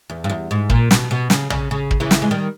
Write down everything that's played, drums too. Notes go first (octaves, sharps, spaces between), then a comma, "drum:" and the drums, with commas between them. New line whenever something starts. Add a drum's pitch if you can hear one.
E2
G2
E2
G#2
A#2, drum: kick
B2, drum: snare
B2
C#3, drum: snare
C#3, drum: tom
C#3
drum: kick
C#3 E3
drum: snare
G#3
D#3 G3